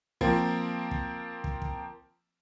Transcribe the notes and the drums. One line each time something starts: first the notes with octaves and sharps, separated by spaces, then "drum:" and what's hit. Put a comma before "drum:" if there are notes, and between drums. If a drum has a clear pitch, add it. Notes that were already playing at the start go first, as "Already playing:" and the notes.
F3 A#3 C4, drum: kick
drum: kick
drum: kick
drum: kick